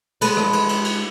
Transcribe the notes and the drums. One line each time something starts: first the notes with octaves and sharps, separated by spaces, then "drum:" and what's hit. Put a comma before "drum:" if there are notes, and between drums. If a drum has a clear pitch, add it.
G#3 A4 B4, drum: cymbal
drum: rim click
drum: cymbal
drum: cymbal
drum: cymbal